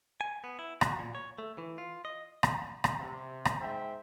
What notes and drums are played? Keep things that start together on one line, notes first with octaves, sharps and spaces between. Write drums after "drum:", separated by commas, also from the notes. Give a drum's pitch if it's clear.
G#5
B3
E4
F#4, drum: rim click
A#2
C#5
A3
E3
F4
D#5
drum: rim click
drum: rim click
C3
drum: rim click
G#2 C5 E5 G5